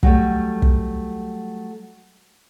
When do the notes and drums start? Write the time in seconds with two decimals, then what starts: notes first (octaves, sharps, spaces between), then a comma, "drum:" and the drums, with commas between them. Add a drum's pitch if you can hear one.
0.03 F#3 G3 A3, drum: kick
0.62 drum: kick